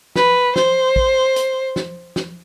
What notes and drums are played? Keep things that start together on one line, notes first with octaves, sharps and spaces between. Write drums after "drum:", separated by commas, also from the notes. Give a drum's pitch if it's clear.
B4, drum: snare
C5, drum: snare
drum: kick
drum: hi-hat
drum: snare
drum: snare